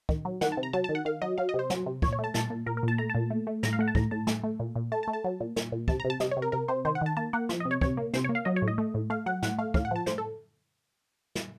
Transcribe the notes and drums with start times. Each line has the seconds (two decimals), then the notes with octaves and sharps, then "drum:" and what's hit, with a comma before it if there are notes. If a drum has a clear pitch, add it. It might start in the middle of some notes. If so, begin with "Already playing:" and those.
0.09 D#3, drum: kick
0.25 F#3
0.41 D#3 F#5, drum: snare
0.52 A5
0.57 C3
0.63 A#5
0.73 F#3 A5
0.84 A5
0.89 D#3
0.95 F#5
1.05 D#3 F5
1.22 F#3 D#5
1.38 F#3 F5
1.49 D#5
1.54 C3 C5
1.70 F#3, drum: snare
1.86 C3
2.02 A#2 C#5, drum: kick
2.13 C#5
2.19 A3 A5
2.34 A#2 A5, drum: snare
2.50 A#2
2.66 A#2 A#4
2.77 A#4
2.83 A#2
2.88 A5
2.98 A3 A#5
3.10 A#2 A5
3.30 A3
3.47 A3
3.63 A2 A#5, drum: snare
3.73 F5
3.79 A3 F#5
3.88 A5
3.95 A2 A#5, drum: kick
4.11 A2 A5
4.27 A3, drum: snare
4.44 A3
4.60 A#2
4.76 A#2
4.92 A3 A5
5.03 A5
5.08 A3
5.13 A5
5.24 F#3
5.40 A#2
5.56 A#2, drum: snare
5.72 A#2
5.88 C3 A5, drum: kick
6.00 A#5
6.04 C3
6.10 A5
6.20 C3 D#5, drum: snare
6.31 C#5
6.37 C3
6.42 A#4
6.52 C3 A#4
6.68 C3 C5
6.85 D#3 C5
6.95 F#5
7.01 D#3 A5
7.17 A#3 A5
7.33 A#3 F#5
7.49 F3, drum: snare
7.60 D#5
7.65 C3
7.71 C#5
7.81 C3 C#5, drum: kick
7.97 A#3
8.13 C3 C5, drum: snare
8.24 C#5
8.29 A#3
8.35 F5
8.45 F#3 D#5
8.56 C#5
8.62 A2
8.68 D#5
8.78 A3
8.94 A2
9.10 A3 F5
9.26 F#3 F#5
9.42 A2 F#5, drum: snare
9.58 A3 F5
9.74 A2 F5, drum: kick
9.85 F#5
9.91 F3 A5
10.06 A2 C5, drum: snare
10.18 A4
11.35 drum: snare